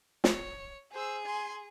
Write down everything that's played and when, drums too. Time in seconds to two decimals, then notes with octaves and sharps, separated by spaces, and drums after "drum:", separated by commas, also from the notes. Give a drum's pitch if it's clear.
0.24 C#5, drum: snare
0.93 G#4 C5 E6
1.25 G#5 C6